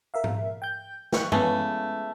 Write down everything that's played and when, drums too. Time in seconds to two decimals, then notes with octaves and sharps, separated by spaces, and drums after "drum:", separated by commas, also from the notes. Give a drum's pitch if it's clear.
0.14 A#4 E5 F5
0.24 drum: tom G#2
0.62 G5 G6
1.12 G5 C#6 F#6, drum: snare
1.32 C#3 E3 G#3 A3 B3 C#4, drum: tom G2